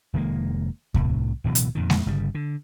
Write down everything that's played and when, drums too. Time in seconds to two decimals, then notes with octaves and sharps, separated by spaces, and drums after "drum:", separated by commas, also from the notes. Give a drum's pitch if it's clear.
0.14 F1 D#3 G#3 A#3
0.94 C2 A2 C3, drum: kick D#2
1.44 D1 B2 E3 F#3
1.55 drum: hi-hat
1.75 F2 A#2 D#3
1.90 drum: snare G#3
2.06 G1 C#3 G3
2.35 D3